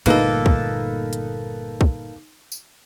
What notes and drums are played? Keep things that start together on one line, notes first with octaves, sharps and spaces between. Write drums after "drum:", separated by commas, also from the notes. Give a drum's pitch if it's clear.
G1 A#2 A3 A#3 D#4 A4 B4, drum: cymbal
drum: kick
drum: hi-hat
drum: kick
drum: tambourine